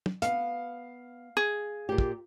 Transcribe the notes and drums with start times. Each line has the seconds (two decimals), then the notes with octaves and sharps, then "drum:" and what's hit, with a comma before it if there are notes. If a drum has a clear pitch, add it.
0.06 drum: tom
0.22 B3 F5, drum: hi-hat
1.37 G#4
1.89 A#2 G4
1.98 drum: kick